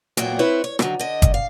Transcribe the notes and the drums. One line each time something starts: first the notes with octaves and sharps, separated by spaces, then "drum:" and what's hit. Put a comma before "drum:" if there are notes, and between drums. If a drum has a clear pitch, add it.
E2 A#2 F#3 A#3 B3 G5, drum: hi-hat
C4 E4 B4 C#5
C#5
D3 D#3 F#3, drum: rim click
D3 D#5
drum: kick, hi-hat
F5